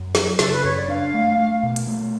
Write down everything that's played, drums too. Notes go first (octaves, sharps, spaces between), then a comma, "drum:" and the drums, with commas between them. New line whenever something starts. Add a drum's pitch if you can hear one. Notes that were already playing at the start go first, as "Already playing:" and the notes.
Already playing: F#2
F#3, drum: snare
C#3 A4, drum: snare
B4
F#2 C#5
D5
D4 F5
A3
A3
B2
drum: hi-hat
A3